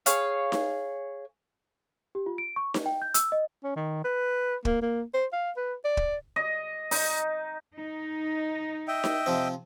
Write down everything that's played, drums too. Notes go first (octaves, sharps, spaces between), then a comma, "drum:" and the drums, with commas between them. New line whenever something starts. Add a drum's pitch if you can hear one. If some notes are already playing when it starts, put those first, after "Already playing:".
G#4 C#5 F5, drum: hi-hat
drum: snare D#4
G4
F4
D7
C#6
D#4, drum: snare D#4
G5
G6
E6, drum: hi-hat
D#5
C#4
D#3
B4
A#3, drum: kick
A#3
C5
F5
B4
D5
drum: kick
D#5
D#4, drum: open hi-hat
D#4
D#5 E5 G5
drum: snare D#4
C3 F3 C4